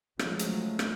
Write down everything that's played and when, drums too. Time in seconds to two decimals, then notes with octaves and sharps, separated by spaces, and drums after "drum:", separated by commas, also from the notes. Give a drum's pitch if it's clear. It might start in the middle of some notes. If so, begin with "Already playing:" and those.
0.19 C#3 F3 F#3 G#3 A3, drum: rim click
0.39 drum: hi-hat
0.79 drum: rim click